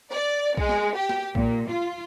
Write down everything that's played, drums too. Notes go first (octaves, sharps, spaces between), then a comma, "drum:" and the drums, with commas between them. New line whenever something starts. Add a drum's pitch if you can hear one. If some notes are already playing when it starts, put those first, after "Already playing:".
D5
G#3, drum: kick B1
drum: snare
G4
drum: snare
A#2, drum: kick B1
F4